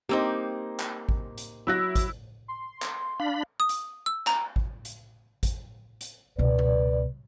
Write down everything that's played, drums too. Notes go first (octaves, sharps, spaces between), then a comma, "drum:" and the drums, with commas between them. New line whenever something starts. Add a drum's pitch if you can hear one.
A#3 C4 D#4 G4 C5
drum: clap
drum: kick G#1
drum: hi-hat
F#3 E4 F#6 A#6
drum: kick G#1, hi-hat
C6
drum: clap
D4 F5 B5
D#6
drum: hi-hat
E6
A#5, drum: clap
drum: kick G#1
drum: hi-hat
drum: kick G#1, hi-hat
drum: hi-hat
C#2 B2 B4 D5
drum: tom A#2